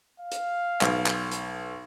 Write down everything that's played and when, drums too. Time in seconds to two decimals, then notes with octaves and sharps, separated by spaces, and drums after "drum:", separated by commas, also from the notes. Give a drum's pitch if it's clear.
0.20 F5
0.32 drum: hi-hat
0.81 B1, drum: clap
1.06 drum: clap
1.31 drum: hi-hat